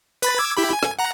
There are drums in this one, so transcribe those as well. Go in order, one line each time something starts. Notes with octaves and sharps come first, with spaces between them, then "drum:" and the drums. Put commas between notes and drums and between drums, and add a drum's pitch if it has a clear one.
B4 B5 A6, drum: hi-hat
D6 E6 G#6
E4 G4 B5
G#5
drum: rim click
F#5 A#5